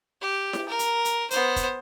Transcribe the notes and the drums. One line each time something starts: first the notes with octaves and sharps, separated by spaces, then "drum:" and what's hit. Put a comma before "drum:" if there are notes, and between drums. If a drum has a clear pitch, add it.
G4
drum: snare E4
A#4
drum: hi-hat
drum: hi-hat
B3 C5, drum: hi-hat
drum: kick, hi-hat